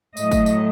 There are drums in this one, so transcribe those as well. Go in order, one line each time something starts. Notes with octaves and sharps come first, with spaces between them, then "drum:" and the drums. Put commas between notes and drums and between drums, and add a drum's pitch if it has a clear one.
A2 F#3 A3 D#5, drum: tambourine
drum: kick, tambourine
drum: tambourine